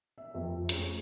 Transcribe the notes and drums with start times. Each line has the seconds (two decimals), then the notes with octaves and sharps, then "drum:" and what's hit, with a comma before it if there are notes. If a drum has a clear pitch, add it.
0.18 E5
0.34 F2
0.69 A3 C#4 G#4 A4, drum: hi-hat